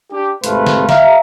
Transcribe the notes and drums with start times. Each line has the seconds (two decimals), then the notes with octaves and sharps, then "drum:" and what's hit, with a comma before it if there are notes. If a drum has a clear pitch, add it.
0.12 D4 G4
0.44 G#1 C3 A3 B4 C5 F5, drum: hi-hat
0.66 drum: snare
0.89 E5 F5 A#5, drum: snare